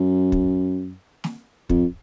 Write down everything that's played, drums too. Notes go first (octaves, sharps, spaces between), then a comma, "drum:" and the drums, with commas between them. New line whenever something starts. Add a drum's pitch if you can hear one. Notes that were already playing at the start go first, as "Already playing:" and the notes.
Already playing: F#2
drum: kick
drum: snare
F2, drum: kick